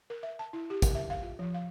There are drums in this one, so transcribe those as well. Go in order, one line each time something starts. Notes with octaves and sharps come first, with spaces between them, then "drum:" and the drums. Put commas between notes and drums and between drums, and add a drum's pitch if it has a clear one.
A#4
E5
A5
E4
G4
A#4, drum: kick, hi-hat
E5
F5
F4
F3
F5